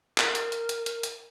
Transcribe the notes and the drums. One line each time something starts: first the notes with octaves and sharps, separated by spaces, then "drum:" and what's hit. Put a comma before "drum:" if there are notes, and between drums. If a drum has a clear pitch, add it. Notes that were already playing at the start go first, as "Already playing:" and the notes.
A#4, drum: clap
drum: hi-hat
drum: hi-hat
drum: hi-hat
drum: hi-hat
drum: hi-hat